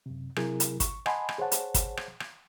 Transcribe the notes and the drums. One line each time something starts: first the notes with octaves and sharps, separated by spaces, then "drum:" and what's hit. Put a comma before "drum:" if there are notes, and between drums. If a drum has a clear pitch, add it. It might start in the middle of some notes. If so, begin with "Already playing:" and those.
F#2 C3
C3 F#3 E4 G#4 A#4, drum: rim click
drum: hi-hat
C#6, drum: kick, hi-hat
D#5 F#5 G#5 A5 B5 C6, drum: rim click
drum: rim click
G#4 C5 C#5 F#5 A5
drum: hi-hat
drum: kick, hi-hat
drum: rim click
drum: rim click